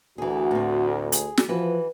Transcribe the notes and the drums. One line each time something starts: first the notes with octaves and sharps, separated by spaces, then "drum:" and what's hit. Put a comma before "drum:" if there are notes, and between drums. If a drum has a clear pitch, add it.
D2 E3 F#4 G#4
A2 C4
G#4, drum: hi-hat
drum: snare
E3 F3 F#4 B4